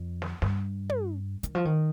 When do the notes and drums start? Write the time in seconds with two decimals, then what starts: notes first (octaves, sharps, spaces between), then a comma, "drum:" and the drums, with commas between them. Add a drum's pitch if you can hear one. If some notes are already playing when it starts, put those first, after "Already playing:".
Already playing: F2
0.22 drum: snare
0.42 G2, drum: snare
0.89 drum: tom
1.43 D#3, drum: hi-hat
1.55 F3
1.65 D#3